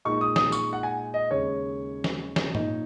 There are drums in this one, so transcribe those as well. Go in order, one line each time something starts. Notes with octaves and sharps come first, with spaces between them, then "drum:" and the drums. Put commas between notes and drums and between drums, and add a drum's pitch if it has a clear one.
A#2 G#3 D#4 C#6
D#6
D#6, drum: snare
C#6, drum: tambourine
F#5
G#5
D#5
D#2 C#3 G#3 C#5
drum: snare
drum: snare
A#2 A#3 D#4, drum: tom